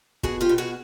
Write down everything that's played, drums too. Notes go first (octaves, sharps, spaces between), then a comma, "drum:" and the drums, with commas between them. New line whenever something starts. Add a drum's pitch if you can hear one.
B2 F#4 G#4, drum: kick
F4 G4
B2
F#4 G#4